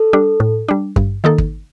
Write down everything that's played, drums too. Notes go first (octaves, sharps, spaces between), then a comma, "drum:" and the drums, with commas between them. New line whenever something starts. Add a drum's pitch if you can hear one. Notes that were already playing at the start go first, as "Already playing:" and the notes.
Already playing: A4
G3 D4
A2
G3 D4
G2, drum: kick
D#3 A#3 D#4 A4
drum: kick